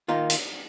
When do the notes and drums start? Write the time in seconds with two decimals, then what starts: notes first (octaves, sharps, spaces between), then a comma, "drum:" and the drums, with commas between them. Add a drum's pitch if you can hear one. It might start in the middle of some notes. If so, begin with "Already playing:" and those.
0.08 D#3 A#3 F4
0.30 drum: hi-hat